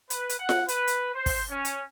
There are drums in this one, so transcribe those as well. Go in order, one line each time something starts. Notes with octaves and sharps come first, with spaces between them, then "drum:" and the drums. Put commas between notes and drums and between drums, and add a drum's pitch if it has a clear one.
B4, drum: hi-hat
drum: hi-hat
F#5
drum: snare F4
B4, drum: hi-hat
drum: hi-hat
C5
drum: kick, open hi-hat
C#4
drum: hi-hat